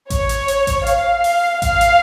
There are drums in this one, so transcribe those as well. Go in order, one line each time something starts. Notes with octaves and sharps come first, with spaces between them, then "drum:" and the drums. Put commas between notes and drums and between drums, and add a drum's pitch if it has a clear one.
C#5, drum: kick A1, hi-hat
drum: hi-hat
drum: hi-hat
drum: kick A1, hi-hat
F5, drum: hi-hat
drum: open hi-hat
F5, drum: kick A1, hi-hat
drum: hi-hat